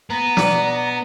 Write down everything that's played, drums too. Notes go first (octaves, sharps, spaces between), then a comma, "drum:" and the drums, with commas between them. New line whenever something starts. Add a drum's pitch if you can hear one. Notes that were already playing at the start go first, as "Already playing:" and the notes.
B3 A#5
B2 D4 D5, drum: snare